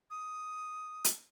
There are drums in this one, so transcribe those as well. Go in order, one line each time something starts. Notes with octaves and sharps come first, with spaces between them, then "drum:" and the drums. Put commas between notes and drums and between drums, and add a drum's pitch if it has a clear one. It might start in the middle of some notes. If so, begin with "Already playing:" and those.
D#6
drum: hi-hat